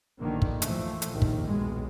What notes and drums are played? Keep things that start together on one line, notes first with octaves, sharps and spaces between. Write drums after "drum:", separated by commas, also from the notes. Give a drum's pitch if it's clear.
A#1 A2 D3 D#3 A#3
drum: kick
A#2 E3 F3 A3, drum: hi-hat
drum: hi-hat
A#1 D#2 D#3
drum: kick
B1 G#3